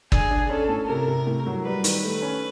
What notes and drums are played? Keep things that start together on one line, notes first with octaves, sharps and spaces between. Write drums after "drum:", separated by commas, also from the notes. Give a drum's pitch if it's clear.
D4 G#4, drum: kick
D4
C#4 A4
A2
C3 A#4
C3
A2
F#3
G3 B4
D#3, drum: hi-hat
A3 B4
C#4